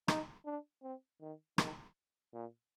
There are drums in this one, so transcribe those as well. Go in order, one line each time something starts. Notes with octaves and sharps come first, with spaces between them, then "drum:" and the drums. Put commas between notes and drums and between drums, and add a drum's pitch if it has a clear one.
D#4, drum: rim click
D4
C4
D#3
D#3, drum: rim click
A#2